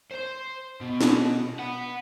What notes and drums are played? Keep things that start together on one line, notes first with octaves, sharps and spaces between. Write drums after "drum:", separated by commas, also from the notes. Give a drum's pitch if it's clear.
C5 C6
B2
drum: snare
B4 F#5